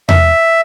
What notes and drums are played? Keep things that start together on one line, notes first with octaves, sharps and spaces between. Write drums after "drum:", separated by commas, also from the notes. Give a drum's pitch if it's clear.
E5, drum: tom E2